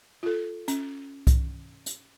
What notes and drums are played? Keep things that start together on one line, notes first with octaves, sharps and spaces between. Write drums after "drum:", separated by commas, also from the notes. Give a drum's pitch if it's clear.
F4 A4
C#4, drum: hi-hat
drum: kick C2, hi-hat
drum: hi-hat